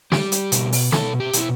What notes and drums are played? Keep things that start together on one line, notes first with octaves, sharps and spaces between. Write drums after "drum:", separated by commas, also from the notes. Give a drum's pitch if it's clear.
G3 G4, drum: snare
drum: hi-hat
B2, drum: hi-hat
drum: open hi-hat
B2 A4, drum: snare
G4
B2 E4, drum: hi-hat